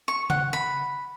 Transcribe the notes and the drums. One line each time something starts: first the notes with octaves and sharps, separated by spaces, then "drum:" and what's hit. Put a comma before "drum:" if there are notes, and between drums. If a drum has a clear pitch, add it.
C#6
F#5, drum: tom C#3
B5